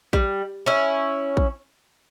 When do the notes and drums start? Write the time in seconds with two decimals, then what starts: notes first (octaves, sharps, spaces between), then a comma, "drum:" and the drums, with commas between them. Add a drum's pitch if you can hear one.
0.13 G3, drum: kick
0.66 C#4 E4
1.37 drum: kick